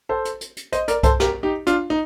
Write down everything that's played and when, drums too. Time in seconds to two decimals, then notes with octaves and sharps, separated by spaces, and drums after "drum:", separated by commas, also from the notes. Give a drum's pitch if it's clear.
0.09 A4 C5
0.25 drum: hi-hat
0.41 drum: hi-hat
0.57 drum: hi-hat
0.72 C5 D#5, drum: hi-hat
0.88 A#4 D5, drum: hi-hat
1.03 A4 C5, drum: kick C2, hi-hat
1.20 G4 A#4, drum: snare
1.43 D#4 G4
1.67 D4 F4, drum: hi-hat
1.90 D#4